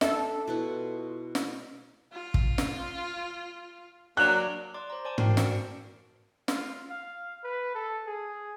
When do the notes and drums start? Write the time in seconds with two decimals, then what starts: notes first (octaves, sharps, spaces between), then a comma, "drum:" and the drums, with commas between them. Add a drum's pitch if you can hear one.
0.01 D4 A4 E5, drum: snare
0.48 B2 E4 F4 F#5
1.35 drum: snare
2.13 F4
2.34 drum: kick
2.58 drum: snare
4.17 F#3 A#3 D4 F#6
4.74 D5 C6 D6
4.90 C5 A#5
5.05 C5 D5 G#5 A5 D6
5.18 F#4 A#4 C5 G5 C7, drum: tom G#2
5.37 F#4 A#4 D5 C#7 D7, drum: snare
6.48 F4, drum: snare
6.90 F5
7.44 B4
7.75 A4
8.06 G#4